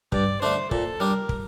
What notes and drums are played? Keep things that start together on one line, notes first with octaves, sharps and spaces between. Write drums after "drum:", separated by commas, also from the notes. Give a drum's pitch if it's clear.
G2 D5, drum: kick
D3 A3 D4 C5
A#2 A4, drum: kick
G3 D4 A#4
drum: kick